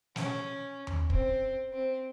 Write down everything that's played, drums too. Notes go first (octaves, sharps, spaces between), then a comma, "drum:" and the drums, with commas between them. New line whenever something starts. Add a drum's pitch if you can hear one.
C#4, drum: snare
drum: tom D#2
C4, drum: kick
C4